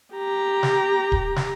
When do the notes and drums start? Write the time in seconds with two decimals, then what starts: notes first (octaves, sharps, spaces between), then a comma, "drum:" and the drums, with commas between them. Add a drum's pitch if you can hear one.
0.14 G4 A#5
0.63 drum: snare
1.12 drum: kick D1
1.36 drum: snare